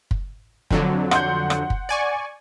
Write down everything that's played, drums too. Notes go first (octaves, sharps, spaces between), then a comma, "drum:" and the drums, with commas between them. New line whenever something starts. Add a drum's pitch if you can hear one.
drum: kick
F2 D3 F#3, drum: kick
F#5 C6 G6, drum: rim click
drum: rim click
drum: kick
D5 G#5 C#6